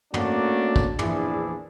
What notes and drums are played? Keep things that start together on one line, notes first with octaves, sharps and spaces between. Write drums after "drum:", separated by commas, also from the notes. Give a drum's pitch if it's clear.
A3 A#3 C#4 D4 F#4, drum: tom
drum: kick
A#1 E2 E3 D4 E4 G#4, drum: tom